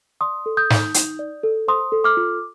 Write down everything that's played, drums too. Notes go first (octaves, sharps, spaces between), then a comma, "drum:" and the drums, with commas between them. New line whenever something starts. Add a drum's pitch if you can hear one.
D5 C6 D#6
A4
D#6 G6
D#4, drum: snare
D#4, drum: hi-hat
D5
A4
C5 C6 D#6
A4
D6 F6
F4